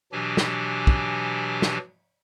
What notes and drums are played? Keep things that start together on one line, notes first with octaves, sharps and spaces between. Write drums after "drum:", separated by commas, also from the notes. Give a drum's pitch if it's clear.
B2 E3 F#3 D4 G4 G#5
drum: snare
drum: kick
drum: snare